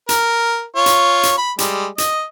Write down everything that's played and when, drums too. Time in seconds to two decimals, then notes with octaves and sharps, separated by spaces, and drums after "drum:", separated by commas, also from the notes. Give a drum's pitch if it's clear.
0.09 A#4, drum: hi-hat
0.76 F4 C#5
0.86 drum: hi-hat
1.23 drum: hi-hat
1.38 B5
1.59 G3 G#3, drum: hi-hat
1.98 D#5, drum: hi-hat